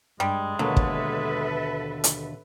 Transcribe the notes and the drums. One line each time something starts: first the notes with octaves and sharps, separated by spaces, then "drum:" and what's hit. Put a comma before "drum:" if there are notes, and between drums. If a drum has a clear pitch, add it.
G2 G3 G#3
D#2 B2 D3 F#3 A4 B4 E5
drum: kick
drum: hi-hat